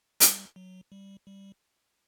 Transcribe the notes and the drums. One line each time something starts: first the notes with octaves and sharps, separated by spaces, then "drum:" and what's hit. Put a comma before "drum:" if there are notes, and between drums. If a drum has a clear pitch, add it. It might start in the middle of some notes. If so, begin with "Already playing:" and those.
G3, drum: hi-hat
F#3
G3
G3